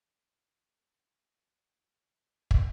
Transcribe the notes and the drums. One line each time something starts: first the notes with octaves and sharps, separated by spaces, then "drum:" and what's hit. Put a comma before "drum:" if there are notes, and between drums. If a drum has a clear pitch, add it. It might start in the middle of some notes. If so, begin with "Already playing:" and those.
D7
A4
E4
G#4
drum: kick